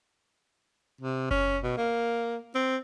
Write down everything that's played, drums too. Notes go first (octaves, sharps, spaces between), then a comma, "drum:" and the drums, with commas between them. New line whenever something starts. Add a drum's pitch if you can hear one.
C3
C#4, drum: kick F#1
B2
A#3
C4